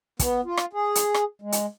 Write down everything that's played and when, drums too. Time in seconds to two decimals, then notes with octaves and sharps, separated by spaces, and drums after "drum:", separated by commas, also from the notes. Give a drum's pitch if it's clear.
0.19 B3, drum: kick, hi-hat
0.45 F4
0.57 drum: rim click
0.73 G#4
0.95 drum: hi-hat
1.14 drum: rim click
1.42 G#3
1.52 drum: hi-hat